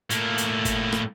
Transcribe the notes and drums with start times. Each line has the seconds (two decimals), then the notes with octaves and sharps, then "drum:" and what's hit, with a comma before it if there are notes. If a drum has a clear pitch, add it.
0.10 A2 A#3, drum: hi-hat
0.38 drum: hi-hat
0.65 drum: kick, hi-hat
0.92 drum: rim click